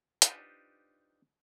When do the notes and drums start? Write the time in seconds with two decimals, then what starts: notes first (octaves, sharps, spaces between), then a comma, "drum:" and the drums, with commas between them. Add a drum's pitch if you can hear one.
0.22 D4 D#4 F4 G4 B4 C5, drum: hi-hat